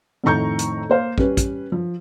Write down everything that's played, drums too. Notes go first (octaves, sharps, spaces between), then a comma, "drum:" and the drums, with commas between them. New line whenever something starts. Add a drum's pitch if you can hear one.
F2 A2 D#3 A#5 C#6 G6
drum: hi-hat
A#3 C5 F5
G3 C#4 B4, drum: kick
drum: kick, hi-hat
F3